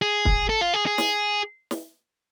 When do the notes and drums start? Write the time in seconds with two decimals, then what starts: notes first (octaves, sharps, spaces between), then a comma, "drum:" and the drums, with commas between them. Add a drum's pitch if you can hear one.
0.02 G#4
0.25 drum: kick
0.49 A4
0.61 F4
0.74 G#4
0.87 G#4
0.98 drum: snare
1.71 drum: snare